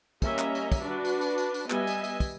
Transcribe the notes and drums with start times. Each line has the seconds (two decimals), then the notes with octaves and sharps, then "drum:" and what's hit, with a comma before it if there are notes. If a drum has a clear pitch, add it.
0.22 G3 A#3 C#4 D#5 E5 A#5, drum: kick, tambourine
0.39 drum: clap
0.55 drum: tambourine
0.72 drum: kick, tambourine
0.83 D4 F#4 B4
1.05 drum: tambourine
1.21 drum: tambourine
1.38 drum: tambourine
1.54 drum: tambourine
1.70 G3 B3 D#5 E5 G#5, drum: clap
1.87 drum: tambourine
2.04 drum: tambourine
2.20 drum: kick, tambourine